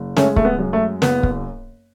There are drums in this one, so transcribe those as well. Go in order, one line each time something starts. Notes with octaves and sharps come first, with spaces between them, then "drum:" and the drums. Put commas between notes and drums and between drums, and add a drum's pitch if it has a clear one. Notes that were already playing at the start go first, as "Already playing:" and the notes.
Already playing: F#1
G#3 A3 C#4, drum: snare
A3, drum: kick
B3
F#2
A3
F#1 B3, drum: snare
drum: kick